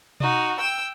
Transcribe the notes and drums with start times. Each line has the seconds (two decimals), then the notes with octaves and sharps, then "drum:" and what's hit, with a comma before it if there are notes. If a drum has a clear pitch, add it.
0.20 D#4 F#4, drum: tom B2
0.60 G5 E6